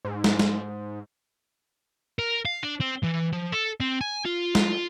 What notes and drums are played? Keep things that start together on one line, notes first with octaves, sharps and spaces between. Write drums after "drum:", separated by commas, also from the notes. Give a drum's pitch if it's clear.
G#2
drum: snare
drum: snare
A#4
F5
D4
C4
E3
F3
A4
C4
G#5
F4
F4, drum: snare